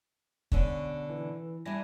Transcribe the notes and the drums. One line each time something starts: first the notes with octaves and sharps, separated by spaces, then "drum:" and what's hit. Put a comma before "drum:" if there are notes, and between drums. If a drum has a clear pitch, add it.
B2 D3 C#4, drum: kick
E3
G3 D4 E4 G#5 A#6